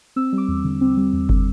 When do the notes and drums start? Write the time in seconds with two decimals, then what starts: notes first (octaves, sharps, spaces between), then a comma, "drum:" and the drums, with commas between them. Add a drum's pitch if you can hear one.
0.16 C4 E6
0.33 G3
0.38 D6
0.48 E2
0.65 D3
0.81 C4
0.97 G3
1.13 E2
1.29 D3, drum: kick F#1